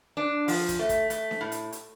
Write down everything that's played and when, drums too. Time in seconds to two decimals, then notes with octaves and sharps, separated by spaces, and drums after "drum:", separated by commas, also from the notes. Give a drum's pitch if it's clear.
0.17 D4
0.48 F3, drum: open hi-hat
0.68 drum: kick, hi-hat
0.79 A3
0.89 drum: kick, hi-hat
1.10 A3, drum: hi-hat
1.31 drum: snare D4
1.41 A2
1.52 drum: hi-hat
1.72 drum: hi-hat